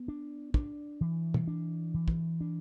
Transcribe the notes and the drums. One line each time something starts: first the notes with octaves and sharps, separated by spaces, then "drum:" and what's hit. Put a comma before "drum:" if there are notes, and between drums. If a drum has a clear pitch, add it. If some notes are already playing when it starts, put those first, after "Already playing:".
Already playing: B3
D4
D4, drum: kick
E3
drum: tom
D4
E3
drum: kick
D4